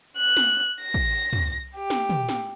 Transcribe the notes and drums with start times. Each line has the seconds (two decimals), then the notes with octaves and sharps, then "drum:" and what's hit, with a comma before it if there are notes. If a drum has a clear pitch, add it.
0.17 F#6
0.37 drum: snare
0.81 A#6
0.94 drum: kick
1.33 drum: tom
1.76 G4
1.90 drum: snare
2.09 drum: tom
2.29 drum: snare